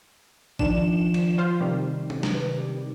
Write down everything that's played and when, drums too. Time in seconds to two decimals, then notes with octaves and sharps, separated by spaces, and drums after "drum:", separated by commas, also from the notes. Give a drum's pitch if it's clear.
0.59 D#3 F3 D4 E7, drum: kick A1
1.14 drum: cymbal
1.38 F4 C5 F5
1.60 C3 D#3 G3
2.10 drum: tom
2.23 drum: snare
2.33 B4
2.56 G4